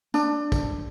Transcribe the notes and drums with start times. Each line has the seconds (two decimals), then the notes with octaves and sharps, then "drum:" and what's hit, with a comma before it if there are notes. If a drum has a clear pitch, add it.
0.14 D4, drum: tambourine
0.52 drum: kick, tambourine